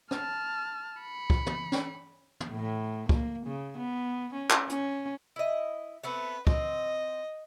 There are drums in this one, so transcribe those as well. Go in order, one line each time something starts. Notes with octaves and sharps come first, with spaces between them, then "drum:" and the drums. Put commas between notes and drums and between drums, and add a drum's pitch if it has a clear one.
A5 F6, drum: rim click
B5 C#7
drum: kick
drum: tom
drum: snare
drum: tom
A2
A#3, drum: kick
C#3
B3
C#4
drum: clap
C#4, drum: hi-hat
E4 D#5
A3 B3 C4 B4
C4 D#5, drum: kick